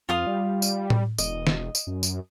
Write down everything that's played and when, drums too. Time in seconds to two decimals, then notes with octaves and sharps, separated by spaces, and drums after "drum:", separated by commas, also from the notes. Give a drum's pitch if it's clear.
0.09 F2 F4 F5 D#6
0.27 G3
0.62 drum: tambourine
0.90 drum: tom A2
1.18 E1 D#5, drum: tambourine
1.47 drum: snare
1.75 drum: tambourine
1.87 F#2
2.03 drum: tambourine